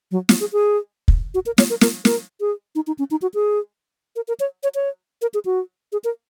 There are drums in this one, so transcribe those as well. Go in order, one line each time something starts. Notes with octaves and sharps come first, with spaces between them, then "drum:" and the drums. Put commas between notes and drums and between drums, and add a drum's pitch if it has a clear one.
F#3
F#3, drum: snare
G#4
G#4
drum: kick
F#4
A#4
C#5, drum: snare
A#4
A#4, drum: snare
A#4, drum: snare
G#4
D#4
D#4
C#4
D#4
F#4
G#4
A#4
A#4
C#5
C#5
C#5
A#4
G#4
F#4
G#4
A#4